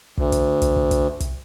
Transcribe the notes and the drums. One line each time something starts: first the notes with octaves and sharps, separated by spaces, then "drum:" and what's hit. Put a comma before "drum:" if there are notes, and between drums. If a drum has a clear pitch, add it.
D2, drum: kick
drum: kick, hi-hat
drum: kick, hi-hat
drum: kick
drum: kick, hi-hat
drum: kick, hi-hat